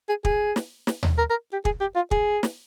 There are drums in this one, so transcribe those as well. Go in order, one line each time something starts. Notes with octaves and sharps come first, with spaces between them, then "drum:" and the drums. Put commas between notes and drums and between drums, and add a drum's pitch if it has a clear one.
G#4
G#4, drum: kick
drum: snare
drum: snare
drum: tom D#2
A#4
A#4
G4
G#4, drum: kick
G4
F4
G#4, drum: kick
drum: snare